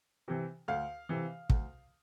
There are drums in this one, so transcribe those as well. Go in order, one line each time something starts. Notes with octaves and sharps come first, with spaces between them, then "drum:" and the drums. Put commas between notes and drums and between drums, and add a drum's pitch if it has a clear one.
C3 E3
D2 F5
C3 E3
D2, drum: kick